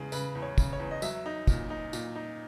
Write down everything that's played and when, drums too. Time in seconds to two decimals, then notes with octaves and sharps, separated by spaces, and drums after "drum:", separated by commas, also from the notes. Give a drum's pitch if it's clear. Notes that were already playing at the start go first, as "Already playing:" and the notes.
Already playing: E2 C#3 G#3 G#4
0.12 C#3 B4, drum: tambourine
0.35 E2
0.42 C#5
0.58 C#3, drum: kick, tambourine
0.73 C#5
0.80 E2
0.91 D#5
1.02 F#3 E5, drum: tambourine
1.26 D#4
1.48 A#2, drum: kick, tambourine
1.70 D#4
1.93 A#2, drum: tambourine
2.16 D#4